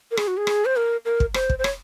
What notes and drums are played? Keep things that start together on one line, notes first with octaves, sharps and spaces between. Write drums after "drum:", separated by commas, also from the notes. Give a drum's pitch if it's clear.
A#4
G#4, drum: rim click
F#4
G#4
drum: rim click
C5
A#4
A#4
drum: kick
C5, drum: rim click
drum: kick
C5
C#5, drum: rim click